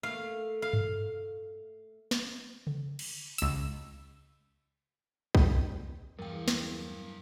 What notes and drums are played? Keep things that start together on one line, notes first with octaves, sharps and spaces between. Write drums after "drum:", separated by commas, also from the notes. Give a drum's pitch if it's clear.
A3 A#3 F5
F5
drum: tom G2
drum: snare
drum: tom C#3
drum: cymbal
C#2 E6, drum: hi-hat
drum: kick B1
E2 G2 F#3 A#4 F5 G5
drum: snare